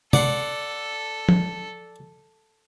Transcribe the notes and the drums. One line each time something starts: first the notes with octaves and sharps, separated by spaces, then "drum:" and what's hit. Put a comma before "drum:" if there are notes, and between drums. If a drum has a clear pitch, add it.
A4 D5 F#5 C6, drum: tom
drum: tom